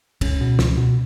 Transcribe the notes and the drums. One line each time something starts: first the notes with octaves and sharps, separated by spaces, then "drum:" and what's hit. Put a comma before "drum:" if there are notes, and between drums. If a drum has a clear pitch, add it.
C#2 C#4, drum: kick, cymbal
B2
C#2, drum: snare
B2